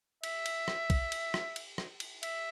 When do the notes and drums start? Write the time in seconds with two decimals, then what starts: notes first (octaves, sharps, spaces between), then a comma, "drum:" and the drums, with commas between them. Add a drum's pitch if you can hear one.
0.23 E5, drum: cymbal
0.46 drum: cymbal
0.68 drum: rim click
0.90 drum: kick, cymbal
1.12 drum: cymbal
1.34 drum: rim click
1.56 drum: cymbal
1.78 drum: rim click
2.00 drum: cymbal
2.23 E5, drum: cymbal